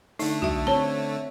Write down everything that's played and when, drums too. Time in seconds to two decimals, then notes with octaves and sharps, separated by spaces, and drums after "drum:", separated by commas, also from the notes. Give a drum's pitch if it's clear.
0.19 D3 A3 D#4, drum: open hi-hat
0.42 F#4 E5, drum: tom
0.67 C4 C#5 A5